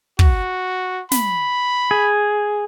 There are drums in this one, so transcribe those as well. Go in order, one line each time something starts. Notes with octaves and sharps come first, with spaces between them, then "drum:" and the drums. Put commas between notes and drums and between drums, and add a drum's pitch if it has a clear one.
F#4, drum: kick
B5, drum: snare
G#4